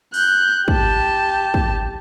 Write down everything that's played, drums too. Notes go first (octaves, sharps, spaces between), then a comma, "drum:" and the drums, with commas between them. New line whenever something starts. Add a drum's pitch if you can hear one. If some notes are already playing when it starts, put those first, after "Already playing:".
F#6 G6, drum: open hi-hat
G4 A5, drum: kick
drum: kick